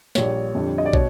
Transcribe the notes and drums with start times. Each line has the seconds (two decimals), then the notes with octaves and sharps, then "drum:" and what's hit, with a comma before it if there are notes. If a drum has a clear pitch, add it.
0.15 A#1 A#2 G3 C#5, drum: snare
0.55 F2 D3 G3
0.78 D#5
0.85 D5
0.93 B2 C#5, drum: kick